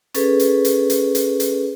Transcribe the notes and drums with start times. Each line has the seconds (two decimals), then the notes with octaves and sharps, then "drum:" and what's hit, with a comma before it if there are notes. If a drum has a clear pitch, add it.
0.14 C#4 G#4 A4 B4, drum: hi-hat
0.40 drum: hi-hat
0.65 drum: hi-hat
0.90 drum: hi-hat
1.15 drum: hi-hat
1.40 drum: hi-hat